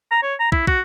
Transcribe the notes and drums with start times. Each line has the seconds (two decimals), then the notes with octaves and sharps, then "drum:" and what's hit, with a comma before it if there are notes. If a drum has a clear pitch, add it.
0.11 A#5
0.23 C#5
0.39 A#5
0.52 E4, drum: kick
0.67 F#4, drum: kick